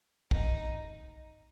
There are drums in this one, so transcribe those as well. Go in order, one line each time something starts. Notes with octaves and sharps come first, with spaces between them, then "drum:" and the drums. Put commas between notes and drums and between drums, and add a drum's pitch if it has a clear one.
D#4, drum: kick